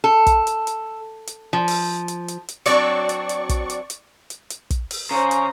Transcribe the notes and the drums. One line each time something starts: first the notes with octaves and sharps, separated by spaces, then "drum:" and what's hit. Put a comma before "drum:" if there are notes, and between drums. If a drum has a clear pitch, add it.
A4
drum: kick, hi-hat
drum: hi-hat
drum: hi-hat
drum: hi-hat
F3
drum: open hi-hat
drum: hi-hat
drum: hi-hat
drum: hi-hat
F#3 C4 D4 D5 C#6
drum: hi-hat
drum: hi-hat
drum: kick, hi-hat
drum: hi-hat
drum: hi-hat
drum: hi-hat
drum: hi-hat
drum: kick, hi-hat
drum: open hi-hat
C#3 C5 A#5
drum: hi-hat